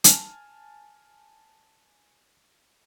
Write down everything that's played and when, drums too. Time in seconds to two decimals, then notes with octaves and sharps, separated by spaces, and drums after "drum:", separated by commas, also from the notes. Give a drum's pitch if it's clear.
0.04 G#5 A5 F6, drum: hi-hat